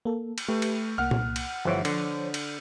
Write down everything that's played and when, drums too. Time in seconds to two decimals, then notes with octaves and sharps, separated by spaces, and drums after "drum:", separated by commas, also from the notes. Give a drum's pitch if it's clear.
0.05 A#3 A4
0.38 drum: cymbal
0.48 A3 G4 B4
0.62 drum: cymbal
0.98 C2 A#3 F#5 F6
1.11 drum: tom A#2
1.36 drum: cymbal
1.65 G1 E3 F3 C5 C#5
1.85 D3, drum: cymbal
2.34 drum: cymbal